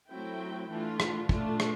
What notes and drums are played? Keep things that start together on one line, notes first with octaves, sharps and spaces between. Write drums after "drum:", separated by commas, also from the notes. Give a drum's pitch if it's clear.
F#3 A3 C4 E4 G5
E3 A3 D4 F4
drum: rim click
A3 D4 F4, drum: kick
drum: rim click